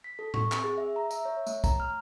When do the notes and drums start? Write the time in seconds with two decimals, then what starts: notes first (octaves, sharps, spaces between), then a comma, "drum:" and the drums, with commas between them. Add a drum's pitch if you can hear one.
0.04 B6
0.19 A4
0.34 C#6, drum: tom A2
0.52 C4, drum: clap
0.64 G#4
0.78 E5
0.96 A#5
1.11 E5, drum: tambourine
1.25 C#5
1.47 A3, drum: tambourine
1.64 A#5, drum: kick, tambourine
1.80 F6